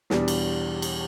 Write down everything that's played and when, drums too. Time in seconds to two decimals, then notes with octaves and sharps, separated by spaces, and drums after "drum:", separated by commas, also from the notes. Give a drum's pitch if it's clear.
0.10 E2 B2 G3 D4, drum: snare
0.28 drum: cymbal
0.82 drum: cymbal